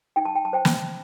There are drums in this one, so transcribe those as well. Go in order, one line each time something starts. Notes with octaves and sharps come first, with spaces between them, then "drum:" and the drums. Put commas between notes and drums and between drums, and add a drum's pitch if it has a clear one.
D#4 G5
A5
G5
A5
C5 G5
drum: snare